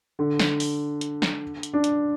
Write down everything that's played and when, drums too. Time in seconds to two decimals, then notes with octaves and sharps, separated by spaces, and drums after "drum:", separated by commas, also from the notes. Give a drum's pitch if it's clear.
0.19 D3
0.39 drum: snare
0.60 drum: open hi-hat
1.01 drum: hi-hat
1.22 drum: snare
1.63 drum: hi-hat
1.73 D4
1.84 drum: hi-hat